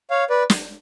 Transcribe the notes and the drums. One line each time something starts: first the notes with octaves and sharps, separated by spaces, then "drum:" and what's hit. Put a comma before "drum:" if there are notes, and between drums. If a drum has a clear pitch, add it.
C#5 F5
B4 D5
drum: snare